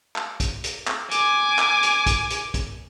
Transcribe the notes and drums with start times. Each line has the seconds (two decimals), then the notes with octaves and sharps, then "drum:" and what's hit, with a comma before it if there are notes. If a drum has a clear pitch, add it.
0.16 drum: clap
0.40 drum: kick, hi-hat
0.64 drum: hi-hat
0.87 drum: clap
1.11 G#5 D6, drum: hi-hat
1.59 drum: clap
1.83 drum: hi-hat
2.06 drum: kick, hi-hat
2.30 drum: hi-hat
2.54 drum: kick, hi-hat